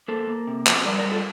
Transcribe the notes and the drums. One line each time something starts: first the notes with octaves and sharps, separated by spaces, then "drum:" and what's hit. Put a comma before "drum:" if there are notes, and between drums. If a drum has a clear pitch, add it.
A#3 A4 C5
A#3
C3
F2, drum: clap
G3 A#4 D5
A#4 D5
G3
F4 A4